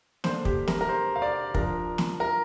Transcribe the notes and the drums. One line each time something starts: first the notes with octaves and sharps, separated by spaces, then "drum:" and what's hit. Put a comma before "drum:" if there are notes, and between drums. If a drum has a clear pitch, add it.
D3 A#3 D4 C5, drum: snare
G4, drum: kick
A#4, drum: snare
A#4
C5
F5
D5
F3 D4 A#4, drum: kick
drum: snare
A#4